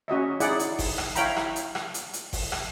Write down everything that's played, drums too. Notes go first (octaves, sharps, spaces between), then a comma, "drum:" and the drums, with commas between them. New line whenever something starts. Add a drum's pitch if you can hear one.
C#4 F#4 D#5 E5
D#4 E4 G#4 D5 F#5, drum: hi-hat
drum: hi-hat
drum: kick G1, open hi-hat
drum: rim click
E4 C#5 F5 G5 A#5 B5, drum: hi-hat
drum: rim click
drum: hi-hat
drum: rim click
drum: hi-hat
drum: hi-hat
drum: kick G1, open hi-hat
drum: rim click